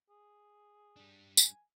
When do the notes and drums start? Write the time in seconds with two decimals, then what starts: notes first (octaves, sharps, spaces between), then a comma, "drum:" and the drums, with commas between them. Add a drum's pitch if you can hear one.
0.10 G#4
0.97 G3 D4
1.37 G#5, drum: tambourine